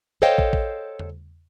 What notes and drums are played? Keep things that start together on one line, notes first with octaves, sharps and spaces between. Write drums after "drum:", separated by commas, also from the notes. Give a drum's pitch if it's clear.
A4 C5 C#5 D#5 F5 G5
drum: kick
drum: kick
drum: tom E2